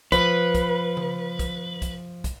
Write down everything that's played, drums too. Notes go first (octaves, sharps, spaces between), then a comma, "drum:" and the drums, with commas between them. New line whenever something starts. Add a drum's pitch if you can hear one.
F3 B4, drum: kick, hi-hat
drum: kick, hi-hat
drum: tom C#3
drum: kick, hi-hat
drum: kick, hi-hat
drum: kick, hi-hat